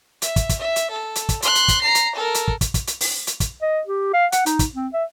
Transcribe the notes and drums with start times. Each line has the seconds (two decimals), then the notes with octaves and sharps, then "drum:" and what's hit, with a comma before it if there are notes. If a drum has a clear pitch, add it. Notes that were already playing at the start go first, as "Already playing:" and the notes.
0.22 E5, drum: hi-hat
0.36 drum: kick, hi-hat
0.49 drum: kick, hi-hat
0.59 E5
0.76 drum: hi-hat
0.90 A4
1.15 drum: hi-hat
1.29 drum: kick, hi-hat
1.42 C6 F#6, drum: hi-hat
1.55 drum: hi-hat
1.68 drum: kick, hi-hat
1.81 A#5 C7
1.95 drum: hi-hat
2.15 A4 A#4
2.34 drum: hi-hat
2.48 drum: kick
2.61 drum: kick, hi-hat
2.74 drum: kick, hi-hat
2.87 drum: hi-hat
3.01 drum: open hi-hat
3.27 drum: hi-hat
3.40 drum: kick, hi-hat
3.62 D#5
3.87 G4
4.13 F5
4.32 F#5, drum: hi-hat
4.46 D#4, drum: hi-hat
4.59 drum: kick, hi-hat
4.75 C4
4.94 E5